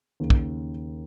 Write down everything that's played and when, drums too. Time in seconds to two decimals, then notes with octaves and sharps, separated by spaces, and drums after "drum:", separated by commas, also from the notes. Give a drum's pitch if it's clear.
0.20 D#2 C#3 A#3
0.30 drum: kick